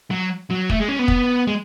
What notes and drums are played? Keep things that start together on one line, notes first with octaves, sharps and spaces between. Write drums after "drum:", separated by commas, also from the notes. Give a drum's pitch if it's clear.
F#3
F#3
A3, drum: kick
G#3
C#4
B3
drum: kick
G#3